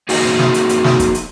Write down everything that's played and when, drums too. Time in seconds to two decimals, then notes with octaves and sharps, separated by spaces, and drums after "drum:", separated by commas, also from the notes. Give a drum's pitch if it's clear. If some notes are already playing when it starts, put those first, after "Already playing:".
0.09 A#3 D#4 F#4 G#4 D#5 F5, drum: open hi-hat
0.39 drum: snare
0.54 drum: hi-hat
0.69 drum: hi-hat
0.84 drum: snare
0.99 drum: kick, hi-hat
1.15 drum: hi-hat